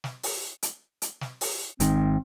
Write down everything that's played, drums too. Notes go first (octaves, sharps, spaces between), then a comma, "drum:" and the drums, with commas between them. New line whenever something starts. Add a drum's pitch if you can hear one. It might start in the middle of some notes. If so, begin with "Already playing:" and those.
drum: snare
drum: open hi-hat
drum: hi-hat
drum: hi-hat
drum: snare
drum: open hi-hat
G#1 G#2 D#3 C4, drum: hi-hat